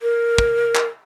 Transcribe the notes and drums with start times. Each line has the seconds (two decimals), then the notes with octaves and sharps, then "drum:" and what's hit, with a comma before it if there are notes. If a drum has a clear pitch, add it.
0.02 A#4
0.38 drum: kick
0.75 drum: clap